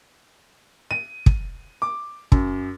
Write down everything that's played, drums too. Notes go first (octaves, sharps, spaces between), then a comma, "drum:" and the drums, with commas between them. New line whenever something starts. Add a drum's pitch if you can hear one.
D#7
drum: kick
D6
F#2, drum: kick